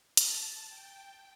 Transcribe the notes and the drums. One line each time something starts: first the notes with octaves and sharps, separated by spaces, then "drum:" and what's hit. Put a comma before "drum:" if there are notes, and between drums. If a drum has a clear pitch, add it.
A5, drum: hi-hat
G5